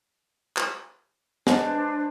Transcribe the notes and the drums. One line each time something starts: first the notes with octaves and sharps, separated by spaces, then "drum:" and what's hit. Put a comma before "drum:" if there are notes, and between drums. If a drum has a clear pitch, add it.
drum: clap
G#3 D4 B4 C5, drum: snare